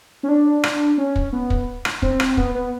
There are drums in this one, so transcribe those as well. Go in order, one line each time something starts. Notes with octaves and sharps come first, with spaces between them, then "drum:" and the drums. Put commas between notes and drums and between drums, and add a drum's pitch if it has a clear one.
C#4
D4
drum: rim click
C#4
drum: kick
B3
drum: kick
drum: rim click
C4, drum: kick
drum: rim click
B3, drum: kick
B3